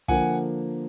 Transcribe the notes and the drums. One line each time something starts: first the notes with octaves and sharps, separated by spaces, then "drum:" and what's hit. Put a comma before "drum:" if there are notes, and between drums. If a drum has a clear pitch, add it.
D3 F3 A#3 F#5 G#5, drum: kick